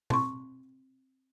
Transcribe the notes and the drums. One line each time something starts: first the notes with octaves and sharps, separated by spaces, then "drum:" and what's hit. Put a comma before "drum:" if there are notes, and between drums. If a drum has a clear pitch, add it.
C4 C6 C#6, drum: tom